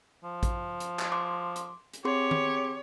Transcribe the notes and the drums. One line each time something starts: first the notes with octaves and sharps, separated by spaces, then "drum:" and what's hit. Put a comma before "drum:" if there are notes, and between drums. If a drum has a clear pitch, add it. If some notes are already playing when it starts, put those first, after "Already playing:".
F3
drum: kick A1, hi-hat
drum: hi-hat
drum: clap
C6 D6
drum: hi-hat
drum: hi-hat
C4 G4 G#4 C#5 C6
drum: tom D#3